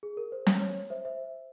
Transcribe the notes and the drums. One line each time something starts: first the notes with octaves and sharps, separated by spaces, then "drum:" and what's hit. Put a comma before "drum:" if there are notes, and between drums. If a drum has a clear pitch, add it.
G#4
A#4
C5
C#5, drum: snare
C#5
C5 E5
C5 E5